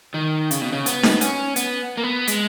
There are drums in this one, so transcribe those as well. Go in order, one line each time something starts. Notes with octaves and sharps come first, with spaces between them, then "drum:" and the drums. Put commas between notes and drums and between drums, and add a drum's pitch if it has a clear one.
D#3
C#3, drum: hi-hat
B2
C#3
B3, drum: hi-hat
drum: snare D#4
C#4, drum: hi-hat
B3, drum: hi-hat
A#3
B3
G#3, drum: hi-hat